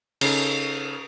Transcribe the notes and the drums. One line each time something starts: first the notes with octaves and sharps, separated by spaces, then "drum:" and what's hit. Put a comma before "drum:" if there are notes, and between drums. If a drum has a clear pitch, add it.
C#3 C#4 D#4 A4, drum: cymbal